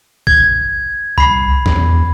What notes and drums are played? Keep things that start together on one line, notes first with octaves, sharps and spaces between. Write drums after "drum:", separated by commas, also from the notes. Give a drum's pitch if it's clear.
G#6, drum: kick A#1
C2 B5 C7
E2, drum: snare